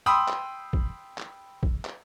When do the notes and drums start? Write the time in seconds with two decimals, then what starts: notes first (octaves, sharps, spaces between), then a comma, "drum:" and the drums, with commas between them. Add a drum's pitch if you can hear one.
0.06 G5 B5 C6 D#6 E6
0.28 drum: clap
0.73 drum: kick
1.18 drum: clap
1.63 drum: kick
1.85 drum: clap